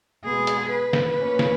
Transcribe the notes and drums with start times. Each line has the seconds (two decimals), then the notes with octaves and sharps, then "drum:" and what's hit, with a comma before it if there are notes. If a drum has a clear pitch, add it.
0.24 B2 G#3 B3 G#4
0.47 drum: hi-hat
0.71 B4
0.93 drum: snare
1.17 A#2 A#3 C#4
1.39 drum: snare